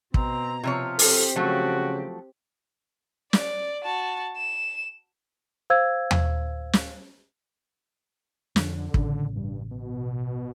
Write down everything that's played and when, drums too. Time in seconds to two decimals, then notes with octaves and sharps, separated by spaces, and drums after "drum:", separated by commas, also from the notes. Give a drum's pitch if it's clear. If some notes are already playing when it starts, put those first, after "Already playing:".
0.14 B2 C4 A#5, drum: kick
0.64 C3 F3 F4 C#5
0.99 C4 G4 A4, drum: open hi-hat
1.36 C#3 F3 F#3 A3 F#4
3.33 D5, drum: snare
3.84 F#4 A5
4.38 E7
5.70 C5 F5 E6 G#6
6.11 drum: tom D#2
6.73 drum: snare
8.56 F2 D3, drum: snare
8.94 A1 C#3, drum: kick
9.36 G2
9.71 B2